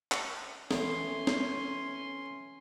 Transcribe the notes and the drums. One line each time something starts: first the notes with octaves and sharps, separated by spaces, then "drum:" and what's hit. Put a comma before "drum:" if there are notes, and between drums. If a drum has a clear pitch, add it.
drum: clap
E3 A3 B3 C#4 C6, drum: snare
drum: snare